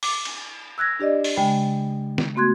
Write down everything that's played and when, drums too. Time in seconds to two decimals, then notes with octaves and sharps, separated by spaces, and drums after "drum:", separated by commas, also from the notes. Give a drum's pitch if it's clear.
0.03 D6, drum: open hi-hat
0.25 drum: cymbal
0.78 E6 F#6 G#6 A#6
0.99 D4 G4 D5 D#5
1.24 drum: open hi-hat
1.36 C#3 G#3 G5 B5
2.18 drum: snare
2.35 A3 B3 F#4 C6 F#6 G#6